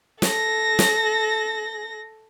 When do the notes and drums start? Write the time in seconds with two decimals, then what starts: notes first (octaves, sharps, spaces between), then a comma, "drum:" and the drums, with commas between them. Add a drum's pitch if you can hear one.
0.22 A4 A#6, drum: snare
0.79 drum: snare